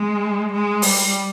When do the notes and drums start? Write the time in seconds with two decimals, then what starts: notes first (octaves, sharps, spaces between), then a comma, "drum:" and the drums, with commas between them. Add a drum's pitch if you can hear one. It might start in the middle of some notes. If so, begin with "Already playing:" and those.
Already playing: G#3
0.53 G#3
0.82 G3, drum: open hi-hat